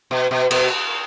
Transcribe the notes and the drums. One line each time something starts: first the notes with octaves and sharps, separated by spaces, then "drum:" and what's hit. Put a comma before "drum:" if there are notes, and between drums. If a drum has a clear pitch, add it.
B2
B2
B2, drum: cymbal